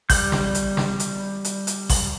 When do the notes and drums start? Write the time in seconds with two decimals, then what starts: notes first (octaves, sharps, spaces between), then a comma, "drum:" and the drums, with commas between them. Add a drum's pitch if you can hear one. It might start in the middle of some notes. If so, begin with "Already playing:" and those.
0.10 G3 G6, drum: kick A1, open hi-hat
0.32 drum: snare
0.55 drum: hi-hat
0.77 drum: snare
1.00 drum: hi-hat
1.44 drum: hi-hat
1.67 drum: hi-hat
1.89 drum: kick A1, open hi-hat